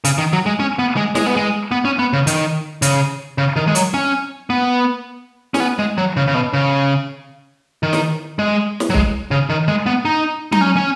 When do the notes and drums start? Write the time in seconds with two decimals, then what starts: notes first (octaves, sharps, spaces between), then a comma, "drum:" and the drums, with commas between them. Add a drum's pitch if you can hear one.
0.05 C#3, drum: hi-hat
0.18 D#3
0.33 F#3
0.46 G#3
0.60 C#4
0.79 B3
0.97 G#3
1.15 G#3, drum: snare
1.26 B3
1.37 G#3
1.71 B3
1.85 C#4
1.99 B3
2.13 C#3
2.27 D#3, drum: hi-hat
2.82 C#3, drum: hi-hat
3.38 C#3
3.56 D#3
3.68 G#3
3.75 F#3, drum: hi-hat
3.94 C#4
4.50 B3
5.54 C#4, drum: snare
5.60 B3
5.79 G#3
5.98 F#3
6.17 C#3
6.28 C#3
6.34 B2
6.53 C#3
7.83 D#3
7.93 drum: snare
8.39 G#3
8.80 drum: snare
8.90 F#3
8.94 G#3, drum: kick
9.31 C#3
9.50 D#3
9.68 G#3
9.86 B3
10.05 D#4
10.52 D#4, drum: tom F#3
10.61 C#4
10.76 C#4